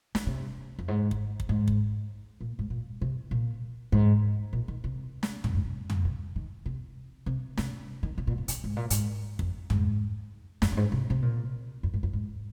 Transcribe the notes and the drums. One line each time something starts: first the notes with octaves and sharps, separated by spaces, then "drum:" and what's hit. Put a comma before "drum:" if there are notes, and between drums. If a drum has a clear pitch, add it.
D#3, drum: snare
C3
F2
G#2
drum: kick
drum: kick
G#2
drum: kick
A#2
G#2
A#2
C3
A#2
G#2
A#2
D#3
C3
drum: snare
A#2, drum: tom
G#2
C3
drum: tom
C3
D#3
C3
C3
C3, drum: snare
D#3
C3
A#2
C3
C3, drum: hi-hat
G#2
A#2
G#2, drum: hi-hat
F2, drum: kick
G#2, drum: tom
F2, drum: snare
F2
G#2
C3
C3
A#2
F2
G#2
F2
G#2